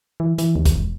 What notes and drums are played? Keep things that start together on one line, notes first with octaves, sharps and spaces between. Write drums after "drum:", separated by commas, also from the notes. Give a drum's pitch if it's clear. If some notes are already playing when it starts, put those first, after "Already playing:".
E3
E3, drum: hi-hat
D#2
drum: kick, hi-hat
E1